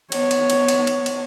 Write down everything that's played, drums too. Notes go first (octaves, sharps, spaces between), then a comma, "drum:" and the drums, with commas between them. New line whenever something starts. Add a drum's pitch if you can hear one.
B3 C#5, drum: cymbal
drum: cymbal
drum: cymbal
drum: cymbal
drum: cymbal
drum: cymbal